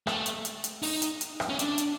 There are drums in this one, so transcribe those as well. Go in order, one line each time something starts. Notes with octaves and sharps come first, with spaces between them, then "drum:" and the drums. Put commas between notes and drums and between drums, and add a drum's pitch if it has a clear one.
A3, drum: rim click
drum: hi-hat
drum: hi-hat
drum: hi-hat
D#4, drum: open hi-hat
drum: hi-hat
drum: hi-hat
drum: rim click
C#4
D4, drum: hi-hat
drum: hi-hat